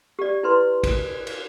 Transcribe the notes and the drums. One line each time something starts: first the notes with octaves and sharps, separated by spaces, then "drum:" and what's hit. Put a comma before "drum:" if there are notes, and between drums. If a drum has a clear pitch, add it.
G4 D5
E4 B4 C6
drum: kick, cymbal
drum: cymbal